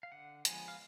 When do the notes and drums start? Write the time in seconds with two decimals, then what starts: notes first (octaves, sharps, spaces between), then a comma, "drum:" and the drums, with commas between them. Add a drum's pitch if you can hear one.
0.03 F5
0.12 D3 F#5
0.45 F3 G#3 B3 G#5, drum: hi-hat
0.68 F5